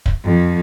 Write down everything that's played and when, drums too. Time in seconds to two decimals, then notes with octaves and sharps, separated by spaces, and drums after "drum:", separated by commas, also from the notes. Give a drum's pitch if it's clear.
0.06 drum: kick
0.24 F2